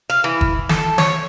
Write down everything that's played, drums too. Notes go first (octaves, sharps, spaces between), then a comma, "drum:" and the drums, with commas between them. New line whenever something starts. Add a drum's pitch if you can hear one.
F5
E3
drum: kick
A4, drum: snare
C#5, drum: snare